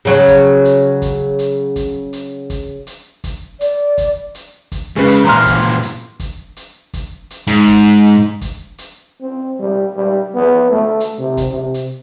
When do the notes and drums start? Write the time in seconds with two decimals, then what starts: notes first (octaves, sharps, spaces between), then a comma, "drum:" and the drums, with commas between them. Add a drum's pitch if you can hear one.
0.05 C#3 F#3
0.28 drum: kick, hi-hat
0.65 drum: hi-hat
1.02 drum: kick, hi-hat
1.39 drum: hi-hat
1.76 drum: kick, hi-hat
2.13 drum: hi-hat
2.50 drum: kick, hi-hat
2.87 drum: hi-hat
3.24 drum: kick, hi-hat
3.61 D5, drum: hi-hat
3.98 drum: kick, hi-hat
4.35 drum: hi-hat
4.72 drum: kick, hi-hat
4.96 C#3 G#3 B4
5.09 drum: hi-hat
5.25 A#2 E3 A#5 C6 F6
5.46 drum: kick, hi-hat
5.83 drum: hi-hat
6.20 drum: kick, hi-hat
6.57 drum: hi-hat
6.94 drum: kick, hi-hat
7.30 drum: hi-hat
7.47 G#2
7.67 drum: kick, hi-hat
8.04 drum: hi-hat
8.41 drum: kick, hi-hat
8.78 drum: hi-hat
9.21 C4
9.59 G3
9.94 G3
10.35 B3
10.71 A3
11.00 drum: hi-hat
11.19 C3
11.37 drum: kick, hi-hat
11.51 C3
11.74 drum: hi-hat